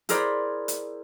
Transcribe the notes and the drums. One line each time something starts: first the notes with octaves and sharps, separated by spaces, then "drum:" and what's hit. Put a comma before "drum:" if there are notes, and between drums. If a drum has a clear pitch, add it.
E4 G#4 A#4 C5 D5 B5, drum: hi-hat
drum: hi-hat